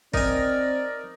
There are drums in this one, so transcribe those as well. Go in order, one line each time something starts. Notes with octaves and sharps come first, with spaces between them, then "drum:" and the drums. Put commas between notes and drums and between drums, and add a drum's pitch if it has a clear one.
C4 D#4 A#4 D5 G#5, drum: kick